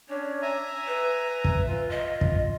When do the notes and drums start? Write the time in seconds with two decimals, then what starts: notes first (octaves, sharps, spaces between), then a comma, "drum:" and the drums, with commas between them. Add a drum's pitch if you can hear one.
0.09 C#4 D4 C#5
0.42 E5 G#5 A#5
0.87 B4
1.44 drum: kick
1.67 F4
1.90 D#5
2.21 drum: kick